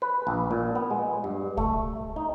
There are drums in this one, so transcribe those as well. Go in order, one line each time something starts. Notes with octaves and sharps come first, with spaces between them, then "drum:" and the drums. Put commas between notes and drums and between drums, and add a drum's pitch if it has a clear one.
B4
A#1
A#2
B3
G#3
G2
A3, drum: kick C2
D#4